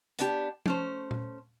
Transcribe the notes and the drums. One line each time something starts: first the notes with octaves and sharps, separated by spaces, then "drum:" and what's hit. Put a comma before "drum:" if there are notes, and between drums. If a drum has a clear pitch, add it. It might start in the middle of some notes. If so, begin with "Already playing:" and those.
B3 D4 G4, drum: hi-hat
A3 C#4 C5, drum: tom F3
drum: tom A#2